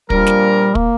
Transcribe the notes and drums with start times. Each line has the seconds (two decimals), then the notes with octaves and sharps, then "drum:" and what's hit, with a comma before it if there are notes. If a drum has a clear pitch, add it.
0.10 A#2 F3 G3 D4 A#4, drum: kick
0.27 drum: snare
0.75 A#3, drum: kick